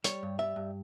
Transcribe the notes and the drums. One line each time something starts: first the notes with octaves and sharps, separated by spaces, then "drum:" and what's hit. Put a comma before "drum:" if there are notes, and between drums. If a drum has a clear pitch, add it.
G3 C#5, drum: hi-hat
G2
G3 E5
G2